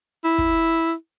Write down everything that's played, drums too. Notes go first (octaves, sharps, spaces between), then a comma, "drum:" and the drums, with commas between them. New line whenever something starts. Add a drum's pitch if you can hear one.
E4
drum: kick